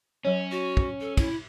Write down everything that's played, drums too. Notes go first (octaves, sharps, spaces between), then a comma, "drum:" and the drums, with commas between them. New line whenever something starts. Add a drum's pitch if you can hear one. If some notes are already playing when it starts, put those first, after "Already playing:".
F#3 C#4 C#5
F#4
drum: kick
A4
E4, drum: kick, cymbal